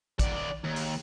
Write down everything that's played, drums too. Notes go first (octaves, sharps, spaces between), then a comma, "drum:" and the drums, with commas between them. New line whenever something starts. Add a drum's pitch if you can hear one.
D#3 D5, drum: kick, hi-hat
D#2
drum: open hi-hat